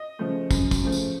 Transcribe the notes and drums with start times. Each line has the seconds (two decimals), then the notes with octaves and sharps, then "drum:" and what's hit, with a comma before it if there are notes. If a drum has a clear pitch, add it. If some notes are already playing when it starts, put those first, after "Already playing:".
Already playing: D#5
0.19 C#3 F3 A3
0.51 F#2, drum: kick, tambourine
0.71 drum: kick, tambourine
0.82 C#3 F3 A3
0.92 drum: tambourine